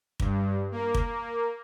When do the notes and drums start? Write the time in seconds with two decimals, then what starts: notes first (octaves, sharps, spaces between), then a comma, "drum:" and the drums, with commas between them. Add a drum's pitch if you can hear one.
0.20 G2, drum: kick
0.71 A#3
0.94 drum: kick